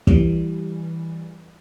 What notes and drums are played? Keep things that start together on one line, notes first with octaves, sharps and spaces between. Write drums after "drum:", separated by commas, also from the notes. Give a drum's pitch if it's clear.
E3 G3, drum: kick